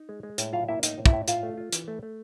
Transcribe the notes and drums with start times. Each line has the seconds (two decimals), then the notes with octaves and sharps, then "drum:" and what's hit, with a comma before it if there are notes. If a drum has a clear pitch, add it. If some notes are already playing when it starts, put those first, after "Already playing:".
Already playing: D#4
0.09 G#3
0.23 G#3
0.38 A2, drum: hi-hat
0.53 F#3 F4 F5
0.68 A#3 E4 E5
0.83 A2 D#4 D#5, drum: hi-hat
0.98 A2
1.06 E4 E5, drum: kick
1.13 A2
1.28 F4 F5, drum: hi-hat
1.43 A3
1.57 F4
1.73 E3, drum: hi-hat
1.88 A3
2.03 A3